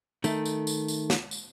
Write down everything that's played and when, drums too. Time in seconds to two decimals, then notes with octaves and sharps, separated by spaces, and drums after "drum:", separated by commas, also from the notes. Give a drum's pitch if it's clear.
0.24 D#3 A3, drum: tambourine
0.46 drum: tambourine
0.67 drum: tambourine
0.88 drum: tambourine
1.10 drum: snare
1.31 drum: tambourine